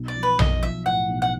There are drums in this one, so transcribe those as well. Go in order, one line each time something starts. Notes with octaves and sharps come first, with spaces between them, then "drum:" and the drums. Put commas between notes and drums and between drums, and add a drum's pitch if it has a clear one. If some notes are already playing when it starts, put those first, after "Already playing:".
Already playing: B1
D5
F3
B4
B1 D#5, drum: tom A#1
F3 E5
A2 F#5
B1
F#5